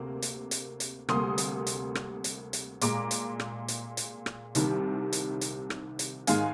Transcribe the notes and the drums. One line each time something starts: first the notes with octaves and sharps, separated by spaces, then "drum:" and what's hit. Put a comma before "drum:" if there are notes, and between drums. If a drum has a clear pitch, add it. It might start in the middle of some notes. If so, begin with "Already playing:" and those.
Already playing: D2 C3 A#3
drum: hi-hat
drum: hi-hat
drum: hi-hat
D2 C3 G3 A#3 C6 D#6, drum: rim click
drum: hi-hat
drum: hi-hat
drum: rim click
drum: hi-hat
drum: hi-hat
A#2 G#3 A#5 D6, drum: hi-hat
drum: hi-hat
drum: rim click
drum: hi-hat
drum: hi-hat
drum: rim click
C2 C3 D#3 G3, drum: hi-hat
drum: hi-hat
drum: hi-hat
drum: rim click
drum: hi-hat
G#2 D#3 G#3 F5 G#5, drum: hi-hat